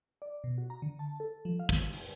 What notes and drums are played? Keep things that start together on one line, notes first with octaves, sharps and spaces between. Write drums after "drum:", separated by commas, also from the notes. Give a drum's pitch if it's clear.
D5
B2
F#4
A#5
D3
A5
A4
F3
F5
drum: kick
drum: open hi-hat